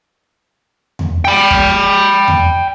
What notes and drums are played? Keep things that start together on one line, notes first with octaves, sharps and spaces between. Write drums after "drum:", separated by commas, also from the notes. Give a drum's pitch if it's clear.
drum: tom E2
G5 B5
drum: kick
drum: tom E2